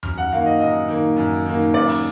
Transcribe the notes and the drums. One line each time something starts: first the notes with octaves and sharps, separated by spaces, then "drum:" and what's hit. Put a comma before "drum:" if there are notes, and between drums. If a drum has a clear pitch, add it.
F#2 F6, drum: tom E2
F#5
D#3 A#3 F5
D#5
F#2 D#5
D#3 A#3
F#2
D#3 A#3
F#2 D5
drum: open hi-hat